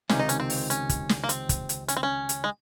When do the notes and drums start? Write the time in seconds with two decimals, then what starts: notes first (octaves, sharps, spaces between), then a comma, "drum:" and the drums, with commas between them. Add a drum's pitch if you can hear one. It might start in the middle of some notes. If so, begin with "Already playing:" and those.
0.09 C#2 C3 D#3 C#4, drum: snare
0.19 D#4
0.29 C#4, drum: hi-hat
0.40 C4
0.50 drum: open hi-hat
0.70 C#4, drum: hi-hat
0.89 drum: kick, hi-hat
1.09 drum: snare
1.24 A#3
1.29 C4, drum: hi-hat
1.49 drum: kick, hi-hat
1.69 drum: hi-hat
1.88 C#4, drum: hi-hat
1.97 C4
2.03 C#4
2.29 drum: hi-hat
2.44 G#3